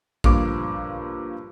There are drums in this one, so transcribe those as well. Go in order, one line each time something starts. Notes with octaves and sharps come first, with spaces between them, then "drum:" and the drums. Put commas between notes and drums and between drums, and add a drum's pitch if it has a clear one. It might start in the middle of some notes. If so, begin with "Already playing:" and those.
G2 F3 A#3 D6, drum: kick A1